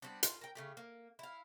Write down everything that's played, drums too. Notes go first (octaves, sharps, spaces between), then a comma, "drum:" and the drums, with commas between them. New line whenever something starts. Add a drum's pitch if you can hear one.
G3 B3 C4 D4
F4, drum: hi-hat
A#4 G5
C#3 A3 G4
A#3
E4 F5